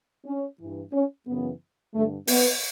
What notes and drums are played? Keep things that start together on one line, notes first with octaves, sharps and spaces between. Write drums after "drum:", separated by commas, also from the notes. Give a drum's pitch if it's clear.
C#4
G2 E3
C#4
F#2 C#3 E3 B3
G2 D3 A3
B3, drum: open hi-hat